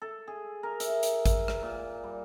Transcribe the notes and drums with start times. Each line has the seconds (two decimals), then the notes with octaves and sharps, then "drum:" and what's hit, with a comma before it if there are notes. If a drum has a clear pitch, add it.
0.02 A4
0.27 G#4
0.63 A#4
0.80 E5, drum: hi-hat
1.03 drum: hi-hat
1.26 drum: kick G#1, hi-hat
1.48 drum: rim click
1.63 A#2
2.04 G3